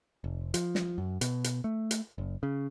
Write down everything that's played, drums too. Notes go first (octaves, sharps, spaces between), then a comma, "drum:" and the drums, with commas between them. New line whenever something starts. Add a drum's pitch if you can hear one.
F1
F3, drum: hi-hat
drum: snare
F#2
B2, drum: hi-hat
drum: hi-hat
A3
drum: hi-hat
F#1
C#3